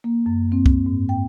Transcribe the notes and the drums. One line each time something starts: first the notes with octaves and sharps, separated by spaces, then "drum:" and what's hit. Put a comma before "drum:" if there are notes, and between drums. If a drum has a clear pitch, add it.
A#3
F#2
C4
drum: kick C2
G#2
G5